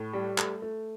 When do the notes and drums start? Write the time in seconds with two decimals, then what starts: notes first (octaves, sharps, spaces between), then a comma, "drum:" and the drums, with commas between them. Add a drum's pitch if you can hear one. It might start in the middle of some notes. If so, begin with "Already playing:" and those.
Already playing: A2
0.13 G3
0.38 A3, drum: clap
0.62 A3